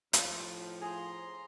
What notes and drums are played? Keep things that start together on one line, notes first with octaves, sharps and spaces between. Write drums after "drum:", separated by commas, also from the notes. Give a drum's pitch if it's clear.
A2 F3 F4 F5 C6, drum: hi-hat
G#4 A#5 C6